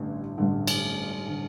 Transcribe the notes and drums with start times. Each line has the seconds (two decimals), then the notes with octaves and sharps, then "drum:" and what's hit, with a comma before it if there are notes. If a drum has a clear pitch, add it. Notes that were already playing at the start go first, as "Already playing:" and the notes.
Already playing: A1 G2 D3
0.38 A1 G2 D3
0.67 drum: cymbal
1.28 D3